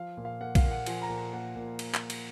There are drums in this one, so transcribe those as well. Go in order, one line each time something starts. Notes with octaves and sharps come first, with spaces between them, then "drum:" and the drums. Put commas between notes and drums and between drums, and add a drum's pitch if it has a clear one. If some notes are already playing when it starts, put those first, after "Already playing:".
Already playing: F3 F5
A#2
F5
A#3 F#5
F5, drum: kick, cymbal
A#2
F#5
F3 G#5, drum: cymbal
A#5
A#2
A#3 F#5
A#2
drum: cymbal
drum: clap
drum: cymbal